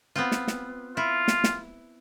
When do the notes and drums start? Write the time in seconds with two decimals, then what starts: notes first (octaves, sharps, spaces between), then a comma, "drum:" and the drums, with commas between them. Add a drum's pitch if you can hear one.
0.16 B3 C4 F4
0.32 drum: snare
0.48 drum: snare
0.97 E4 F4
1.28 drum: snare
1.44 drum: snare